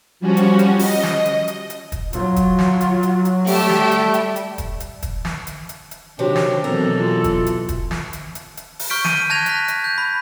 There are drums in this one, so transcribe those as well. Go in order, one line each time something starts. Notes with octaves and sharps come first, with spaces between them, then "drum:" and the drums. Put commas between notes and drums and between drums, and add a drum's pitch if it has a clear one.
F3 G3 C#4 F#4
drum: hi-hat
drum: hi-hat
D#5, drum: open hi-hat
drum: snare
drum: hi-hat
drum: hi-hat
drum: hi-hat
drum: kick, hi-hat
F#3 F4, drum: hi-hat
drum: kick, hi-hat
drum: snare
drum: hi-hat
drum: hi-hat
drum: hi-hat
G3 A3 G4 E5, drum: open hi-hat
drum: snare
drum: hi-hat
drum: hi-hat
drum: hi-hat
drum: kick, hi-hat
drum: hi-hat
drum: kick, hi-hat
drum: snare
drum: hi-hat
drum: hi-hat
drum: hi-hat
C3 D#3 F#3 C4 D4 G4
drum: snare
B2 E3 F#3 C4 A4 A#4
F4
drum: kick, hi-hat
drum: hi-hat
drum: kick, hi-hat
drum: snare
drum: hi-hat
drum: hi-hat
drum: hi-hat
drum: open hi-hat
C#6 F6 G6 B6 D7
D#7, drum: snare
A5 F#6 G#6 A#6 B6 F7
F#6 B6, drum: hi-hat
drum: hi-hat
G6
B5